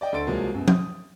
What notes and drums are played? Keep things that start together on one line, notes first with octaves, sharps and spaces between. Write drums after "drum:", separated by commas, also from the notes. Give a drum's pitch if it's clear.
D5 D#5 G5
D2 A4 C6 A6 D7
C2 C3 F3 F#3 G#3 A#3
F#2 B2
D#6, drum: tom